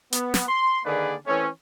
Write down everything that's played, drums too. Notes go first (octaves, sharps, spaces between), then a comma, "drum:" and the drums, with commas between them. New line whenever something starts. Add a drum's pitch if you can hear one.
B3, drum: hi-hat
drum: snare
C6
D3 D#3 A#3 G#4 B4 D5
E3 A3 C4 C#4